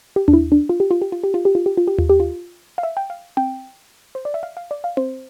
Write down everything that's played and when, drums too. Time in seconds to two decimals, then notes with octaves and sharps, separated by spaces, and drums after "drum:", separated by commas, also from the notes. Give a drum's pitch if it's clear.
0.16 G4
0.28 D4, drum: tom D#2
0.33 E4
0.52 D4
0.69 F4
0.80 G4
0.91 F4
1.02 G4
1.12 F4
1.24 G4
1.34 F4
1.45 G4
1.55 F4
1.66 G4
1.77 F4
1.87 G4
1.98 F4, drum: tom D#2
2.10 G4
2.20 F4
2.78 F5
2.83 E5
2.97 G5
3.10 F5
3.37 G5, drum: tom C4
4.15 C5
4.25 D5
4.34 E5
4.43 F5
4.57 F5
4.71 D5
4.84 F5
4.97 C5, drum: tom C4